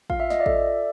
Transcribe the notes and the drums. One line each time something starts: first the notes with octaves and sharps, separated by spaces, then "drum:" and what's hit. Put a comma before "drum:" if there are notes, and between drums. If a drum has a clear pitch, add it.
F4 F5, drum: kick A1
E5
D#5, drum: snare
D5 E5
A4, drum: kick A1